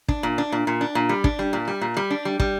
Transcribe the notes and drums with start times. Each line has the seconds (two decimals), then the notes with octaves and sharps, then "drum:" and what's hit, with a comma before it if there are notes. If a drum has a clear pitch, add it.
0.08 D4, drum: kick
0.23 A#2
0.38 D4
0.52 A#2
0.67 A#2
0.81 D4
0.95 A#2
1.09 G3
1.24 D4, drum: kick
1.39 G3
1.53 A#2
1.68 G3
1.81 A#2
1.97 G3
2.10 D4
2.25 G3
2.40 G3, drum: kick